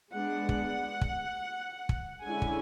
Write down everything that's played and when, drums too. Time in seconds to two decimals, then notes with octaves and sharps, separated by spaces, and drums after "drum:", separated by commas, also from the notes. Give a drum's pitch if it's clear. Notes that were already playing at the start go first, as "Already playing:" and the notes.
0.13 G#3 B3 D4 F#5
0.49 drum: kick
1.01 drum: kick
1.89 drum: kick
2.24 D3 G#3 C#4 E4 G#5
2.42 drum: kick